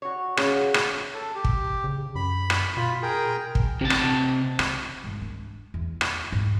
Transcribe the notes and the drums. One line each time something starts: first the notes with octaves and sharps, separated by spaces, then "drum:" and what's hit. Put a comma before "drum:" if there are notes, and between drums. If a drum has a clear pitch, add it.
F#4 C#5
C#3 C#4 F#4, drum: rim click
drum: rim click
A4
G4
drum: kick
C#3
F#2 B5
drum: rim click
B2 F4 B5
G#4 A#4 G5
drum: kick
C3 A5
drum: rim click
C#3, drum: rim click
G#1
D4
E2
drum: rim click
G#2